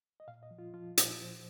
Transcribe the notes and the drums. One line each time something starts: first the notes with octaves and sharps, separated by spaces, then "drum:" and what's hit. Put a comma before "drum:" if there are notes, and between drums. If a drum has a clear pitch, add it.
D#5
A#2 F5
D#5
F3
F4
F3 F4
A#2 D#4, drum: hi-hat
F3 C5